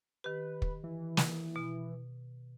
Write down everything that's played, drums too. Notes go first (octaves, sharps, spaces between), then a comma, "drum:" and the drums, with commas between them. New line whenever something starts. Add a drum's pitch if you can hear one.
D#3 G4 B4
drum: kick
E3
drum: snare
B2